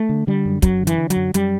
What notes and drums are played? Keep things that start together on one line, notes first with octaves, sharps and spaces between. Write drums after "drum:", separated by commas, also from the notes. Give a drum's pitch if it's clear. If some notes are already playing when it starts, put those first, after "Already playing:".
Already playing: A3
D3
D3 G3
F#2
F#2 F#3, drum: kick, hi-hat
D3
E3, drum: hi-hat
D3
F#3, drum: hi-hat
F#2
F#2 G3, drum: hi-hat